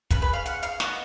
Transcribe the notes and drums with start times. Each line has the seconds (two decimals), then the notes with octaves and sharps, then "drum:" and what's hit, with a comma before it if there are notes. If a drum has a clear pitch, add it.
0.11 C#4 F4 G#4 B4, drum: kick, hi-hat
0.22 B4
0.33 F5
0.46 F#5, drum: hi-hat
0.63 F5, drum: hi-hat
0.80 B3 D#4 F#4 D#5, drum: snare